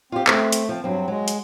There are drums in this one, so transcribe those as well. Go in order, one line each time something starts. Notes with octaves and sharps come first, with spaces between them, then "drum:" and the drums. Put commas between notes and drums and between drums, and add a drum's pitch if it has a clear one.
C4 F4 G4
A3 C4, drum: clap
drum: hi-hat
F3 C4
G2 F#3 C4
F#3 G#3
drum: hi-hat